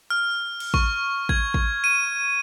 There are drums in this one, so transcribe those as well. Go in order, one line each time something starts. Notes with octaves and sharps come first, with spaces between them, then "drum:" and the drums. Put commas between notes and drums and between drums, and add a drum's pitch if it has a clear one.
F6
drum: cymbal
C#6, drum: kick
G#6, drum: kick
drum: kick
D#7